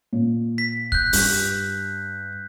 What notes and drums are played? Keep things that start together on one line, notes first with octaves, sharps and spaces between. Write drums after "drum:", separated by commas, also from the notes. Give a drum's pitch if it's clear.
A#2
B6
F#6 G6, drum: kick
G2, drum: open hi-hat